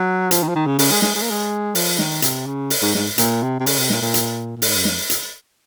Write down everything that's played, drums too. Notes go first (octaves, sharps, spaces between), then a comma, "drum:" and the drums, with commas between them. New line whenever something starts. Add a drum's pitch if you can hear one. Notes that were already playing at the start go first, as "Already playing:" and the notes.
Already playing: F#3
F3, drum: hi-hat
D#3
F3
D#3
C#3
C#3, drum: open hi-hat
G#3
G#3, drum: snare
G#3
A#3
G#3
F3, drum: open hi-hat
D#3, drum: snare
C3, drum: hi-hat
C#3
drum: open hi-hat
G#2
G#2, drum: snare
A#2, drum: hi-hat
C3
C3
C#3, drum: open hi-hat
C3
A#2, drum: snare
A#2
drum: hi-hat
A#2
G#2, drum: open hi-hat
F#2
F2, drum: snare
drum: hi-hat